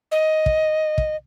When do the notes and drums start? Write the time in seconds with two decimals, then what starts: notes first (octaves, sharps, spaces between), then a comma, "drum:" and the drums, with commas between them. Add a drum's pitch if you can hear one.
0.12 D#5
0.46 drum: kick
0.98 drum: kick